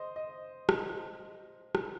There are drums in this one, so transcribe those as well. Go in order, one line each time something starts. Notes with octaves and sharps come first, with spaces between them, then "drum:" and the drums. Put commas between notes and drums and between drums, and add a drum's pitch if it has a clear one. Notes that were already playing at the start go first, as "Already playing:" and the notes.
Already playing: C5 D#5
D#5
drum: rim click
drum: rim click